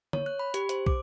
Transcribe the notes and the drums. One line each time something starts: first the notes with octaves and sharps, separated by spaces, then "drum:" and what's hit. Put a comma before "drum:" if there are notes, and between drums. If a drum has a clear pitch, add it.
C#5, drum: tom
F#6
B5
G4, drum: hi-hat
C5, drum: hi-hat
D6, drum: kick